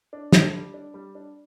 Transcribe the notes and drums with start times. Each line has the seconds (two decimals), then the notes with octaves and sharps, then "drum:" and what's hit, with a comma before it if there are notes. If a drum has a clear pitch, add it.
0.13 D4
0.32 D3, drum: snare
0.53 G3
0.74 D4
0.94 G3
1.15 D4